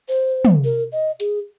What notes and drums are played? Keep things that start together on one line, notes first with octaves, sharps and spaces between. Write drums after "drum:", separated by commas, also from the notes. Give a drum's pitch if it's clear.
C5
drum: tom
A#4
D#5
G#4, drum: hi-hat